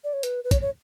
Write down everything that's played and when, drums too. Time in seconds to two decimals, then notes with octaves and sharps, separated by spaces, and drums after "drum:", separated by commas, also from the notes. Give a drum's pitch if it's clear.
0.04 D5
0.13 C#5
0.23 B4, drum: hi-hat
0.44 B4
0.51 C#5, drum: kick, hi-hat
0.61 C#5